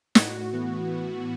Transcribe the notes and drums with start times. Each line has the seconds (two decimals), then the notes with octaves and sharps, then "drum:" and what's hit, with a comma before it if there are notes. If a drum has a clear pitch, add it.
0.15 A2 F#4, drum: snare
0.53 E3 B3
0.91 A2